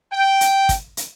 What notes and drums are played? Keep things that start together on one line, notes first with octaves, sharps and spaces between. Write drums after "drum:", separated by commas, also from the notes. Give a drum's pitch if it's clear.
G5
drum: hi-hat
drum: kick, hi-hat
drum: hi-hat